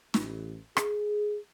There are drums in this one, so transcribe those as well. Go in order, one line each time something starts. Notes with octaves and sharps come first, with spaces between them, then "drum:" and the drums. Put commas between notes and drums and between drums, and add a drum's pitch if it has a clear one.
A1, drum: snare
G#4, drum: rim click